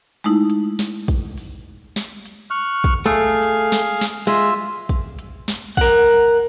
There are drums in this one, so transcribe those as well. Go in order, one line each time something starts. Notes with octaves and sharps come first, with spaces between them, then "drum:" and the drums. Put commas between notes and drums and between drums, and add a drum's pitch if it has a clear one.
G#3 A3 D#4 E4
drum: hi-hat
drum: snare
drum: kick, hi-hat
drum: open hi-hat
drum: snare
drum: hi-hat
C#6 F6 F#6
drum: kick, hi-hat
A3 G#4 F5
drum: hi-hat
drum: snare
drum: snare
G#3 F4 E5
drum: kick, hi-hat
drum: hi-hat
drum: snare
A#4 F#5, drum: kick, hi-hat
drum: open hi-hat